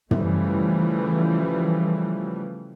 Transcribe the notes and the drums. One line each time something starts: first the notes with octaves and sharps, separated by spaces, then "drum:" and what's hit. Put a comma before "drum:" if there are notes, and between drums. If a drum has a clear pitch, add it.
C#3 E3 F3 G3 A3, drum: tom